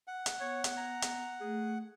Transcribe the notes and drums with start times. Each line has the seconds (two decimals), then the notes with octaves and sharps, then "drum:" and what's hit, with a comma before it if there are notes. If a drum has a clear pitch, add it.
0.08 F#5
0.26 drum: hi-hat
0.41 B3 C#5
0.64 drum: hi-hat
0.77 A#5
1.02 drum: hi-hat
1.40 A3 G#4